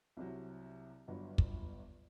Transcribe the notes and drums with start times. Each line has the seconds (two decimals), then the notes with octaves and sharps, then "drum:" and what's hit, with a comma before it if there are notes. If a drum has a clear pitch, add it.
0.17 C2 C3 F#3
1.08 G1 G2 F#3
1.38 drum: kick